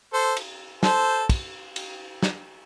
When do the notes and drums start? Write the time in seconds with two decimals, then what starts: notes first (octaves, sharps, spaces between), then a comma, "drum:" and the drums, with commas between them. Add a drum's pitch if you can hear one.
0.13 A4 C5
0.36 drum: cymbal
0.83 A4 C5, drum: snare
1.29 drum: kick, cymbal
1.76 drum: cymbal
2.23 drum: snare